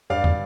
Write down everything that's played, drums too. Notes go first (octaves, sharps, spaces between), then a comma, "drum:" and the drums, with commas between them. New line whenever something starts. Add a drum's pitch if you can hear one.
G2 D5 F5
drum: tom